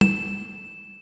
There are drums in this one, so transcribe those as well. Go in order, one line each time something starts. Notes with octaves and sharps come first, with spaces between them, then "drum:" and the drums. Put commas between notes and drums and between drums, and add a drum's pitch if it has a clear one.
E7, drum: tom